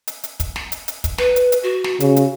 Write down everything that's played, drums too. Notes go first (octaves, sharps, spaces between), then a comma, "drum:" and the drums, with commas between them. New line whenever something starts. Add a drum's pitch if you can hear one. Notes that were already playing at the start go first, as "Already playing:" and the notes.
drum: hi-hat
drum: hi-hat
drum: kick, hi-hat
drum: snare
drum: hi-hat
drum: hi-hat
drum: kick, hi-hat
B4, drum: snare
drum: hi-hat
drum: hi-hat
F#4
drum: snare
C#3, drum: hi-hat
drum: hi-hat